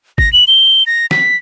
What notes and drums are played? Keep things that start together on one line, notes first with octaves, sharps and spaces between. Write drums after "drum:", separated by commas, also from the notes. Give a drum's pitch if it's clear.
A#6, drum: kick
F#7
G7
A#6
B6, drum: snare